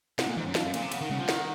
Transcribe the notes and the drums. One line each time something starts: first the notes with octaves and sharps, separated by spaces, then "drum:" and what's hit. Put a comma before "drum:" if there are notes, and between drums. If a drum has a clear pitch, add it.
C3 F#5, drum: snare
A#2
G#2, drum: tom D#3
F#2
F2 F5, drum: snare
F#2
A#2, drum: cymbal
C3
C#3 F#5, drum: cymbal
D#3
C#3, drum: tom
F3
D#3, drum: snare